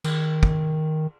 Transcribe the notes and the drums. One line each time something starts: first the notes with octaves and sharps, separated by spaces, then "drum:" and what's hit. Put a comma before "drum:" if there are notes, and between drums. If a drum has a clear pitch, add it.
D#3, drum: cymbal
drum: kick